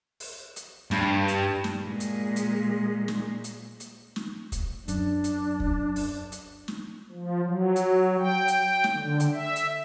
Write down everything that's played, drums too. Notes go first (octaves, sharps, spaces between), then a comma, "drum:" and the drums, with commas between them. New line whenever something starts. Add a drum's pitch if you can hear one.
drum: open hi-hat
drum: hi-hat
G2, drum: snare
drum: hi-hat
drum: snare
A#2 G#3
drum: hi-hat
drum: hi-hat
drum: snare
drum: hi-hat
drum: hi-hat
drum: snare
drum: kick, hi-hat
F#2 D4, drum: hi-hat
drum: hi-hat
drum: kick
drum: open hi-hat
drum: hi-hat
drum: snare
F3
F#3
drum: hi-hat
G5
drum: hi-hat
drum: snare
D3
drum: hi-hat
E5
drum: hi-hat